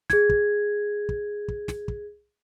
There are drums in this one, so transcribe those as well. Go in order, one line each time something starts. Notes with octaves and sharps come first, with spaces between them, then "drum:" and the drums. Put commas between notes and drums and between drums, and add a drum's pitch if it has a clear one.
G#4 G#6, drum: snare
drum: kick
drum: kick
drum: kick
drum: snare
drum: kick